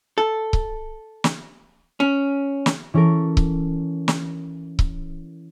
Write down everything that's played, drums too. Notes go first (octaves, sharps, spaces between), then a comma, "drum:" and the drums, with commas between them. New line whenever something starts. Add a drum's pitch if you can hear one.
A4
drum: kick C#1
drum: snare
C#4
drum: snare
E3 C#4 A4 A#4
drum: kick C#1
drum: snare
drum: kick C#1